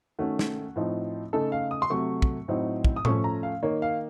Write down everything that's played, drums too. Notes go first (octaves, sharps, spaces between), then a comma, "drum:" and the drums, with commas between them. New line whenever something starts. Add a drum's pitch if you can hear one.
D#3 A3 C#4 F#4
drum: snare
A2 F3 C4 D#4
C#3 A3 D#4 A4
F5
D#6
C6
C3 F#3 A3 C#6
drum: kick
A2 F#3 C4 D#4
drum: kick
D#6
F3 A3 C#4 C#6, drum: tom A2
A#5
F5
D#3 A#3 D#4 C#5
F5